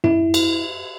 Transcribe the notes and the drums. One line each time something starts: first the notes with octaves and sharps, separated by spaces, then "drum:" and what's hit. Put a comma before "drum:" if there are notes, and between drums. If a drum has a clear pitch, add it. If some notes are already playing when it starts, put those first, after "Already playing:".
E4, drum: tom F#2
drum: cymbal